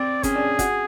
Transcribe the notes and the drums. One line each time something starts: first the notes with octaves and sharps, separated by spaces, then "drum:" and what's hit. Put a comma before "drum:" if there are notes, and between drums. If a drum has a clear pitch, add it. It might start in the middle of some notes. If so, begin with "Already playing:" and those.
Already playing: C4 D5
C#4 G#4, drum: kick, hi-hat
D4
F#4, drum: kick, hi-hat